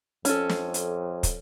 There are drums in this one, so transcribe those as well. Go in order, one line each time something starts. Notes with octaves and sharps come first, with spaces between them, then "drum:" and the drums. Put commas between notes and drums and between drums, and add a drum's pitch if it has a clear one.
F2 C#4 A4, drum: hi-hat
drum: snare
drum: hi-hat
drum: kick, hi-hat